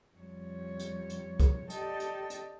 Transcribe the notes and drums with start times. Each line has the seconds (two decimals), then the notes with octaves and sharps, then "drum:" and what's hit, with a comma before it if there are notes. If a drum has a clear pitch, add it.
0.17 F2 G3 C#5
0.79 drum: hi-hat
1.09 drum: hi-hat
1.40 drum: kick, hi-hat
1.70 G4 A4 D5 D#5 G5 A5, drum: hi-hat
2.00 drum: hi-hat
2.30 drum: hi-hat